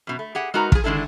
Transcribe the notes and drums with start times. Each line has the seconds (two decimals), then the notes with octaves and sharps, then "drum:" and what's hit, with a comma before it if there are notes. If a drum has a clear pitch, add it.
0.07 F#2 B2
0.19 A3
0.35 G4 G#4 F#5
0.54 G#3 D#4 F#4 A#4 B4 A#5
0.72 F3 G#4, drum: kick
0.84 D3 D#3 G#3 D4 E4 A4